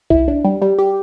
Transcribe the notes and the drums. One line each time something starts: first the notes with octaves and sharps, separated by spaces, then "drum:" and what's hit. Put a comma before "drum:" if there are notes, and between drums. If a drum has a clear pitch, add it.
E4, drum: kick B1
D4
G3
G3
G4